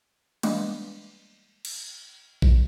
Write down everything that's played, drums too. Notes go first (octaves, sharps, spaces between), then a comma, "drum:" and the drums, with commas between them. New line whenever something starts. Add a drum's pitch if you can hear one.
E3 G3 G#3 A#3 B3 D4, drum: cymbal
drum: cymbal
drum: kick A#1